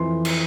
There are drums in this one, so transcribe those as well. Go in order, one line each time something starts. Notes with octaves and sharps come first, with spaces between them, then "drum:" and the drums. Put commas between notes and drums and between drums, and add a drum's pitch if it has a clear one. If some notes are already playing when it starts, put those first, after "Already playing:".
Already playing: F2 E3 C6
drum: cymbal